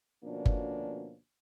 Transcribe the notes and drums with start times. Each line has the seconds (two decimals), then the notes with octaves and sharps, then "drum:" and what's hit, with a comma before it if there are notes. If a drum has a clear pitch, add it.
0.24 D2 B2 F3 A#3 C#4 D4
0.46 drum: kick G1